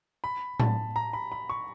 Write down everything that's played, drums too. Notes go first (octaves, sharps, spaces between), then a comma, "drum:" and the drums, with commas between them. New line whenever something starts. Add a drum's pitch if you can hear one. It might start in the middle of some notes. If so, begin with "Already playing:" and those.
B5
A5, drum: tom A2
A#5
B5
B5
C#6